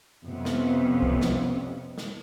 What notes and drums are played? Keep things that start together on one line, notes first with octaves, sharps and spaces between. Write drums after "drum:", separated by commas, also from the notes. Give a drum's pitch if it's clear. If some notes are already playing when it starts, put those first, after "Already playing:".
F2 C3 B3 C#4
drum: snare
drum: kick C2
drum: snare
drum: snare